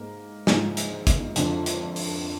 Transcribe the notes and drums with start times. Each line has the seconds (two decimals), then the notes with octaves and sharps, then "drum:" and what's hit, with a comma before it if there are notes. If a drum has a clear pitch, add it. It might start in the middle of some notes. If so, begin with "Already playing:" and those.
Already playing: G#2 A#3
0.47 G#2 F3 A#3, drum: snare
0.77 drum: hi-hat
1.07 drum: kick, hi-hat
1.36 F2 D3 F3, drum: hi-hat
1.66 drum: hi-hat
1.96 drum: open hi-hat